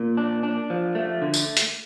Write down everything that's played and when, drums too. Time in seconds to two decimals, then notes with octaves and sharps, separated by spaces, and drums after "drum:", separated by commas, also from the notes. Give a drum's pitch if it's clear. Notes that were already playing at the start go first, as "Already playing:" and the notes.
Already playing: A#2
0.17 D4
0.43 D4
0.70 F3
0.95 A3
1.22 D3
1.34 drum: tambourine
1.57 drum: hi-hat